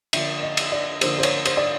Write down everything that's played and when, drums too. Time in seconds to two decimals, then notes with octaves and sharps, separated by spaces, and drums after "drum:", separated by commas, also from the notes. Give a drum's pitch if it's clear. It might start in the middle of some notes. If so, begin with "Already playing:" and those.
0.13 D3 F3 A#3 E5, drum: cymbal
0.43 D#5
0.57 drum: cymbal
0.72 D5
1.01 D3 F3 A#3 C5, drum: cymbal
1.18 C5
1.23 C#5, drum: cymbal
1.46 C5, drum: cymbal
1.57 D5